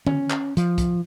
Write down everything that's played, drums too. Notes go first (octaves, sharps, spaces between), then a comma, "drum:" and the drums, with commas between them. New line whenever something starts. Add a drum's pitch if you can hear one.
C#4, drum: tom D3
drum: clap
F3, drum: hi-hat
drum: kick, hi-hat